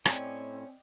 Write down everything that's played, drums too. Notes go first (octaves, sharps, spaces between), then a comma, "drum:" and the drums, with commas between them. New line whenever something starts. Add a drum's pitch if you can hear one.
A2 C4 C#4 D5 D#5 G5 G#5, drum: rim click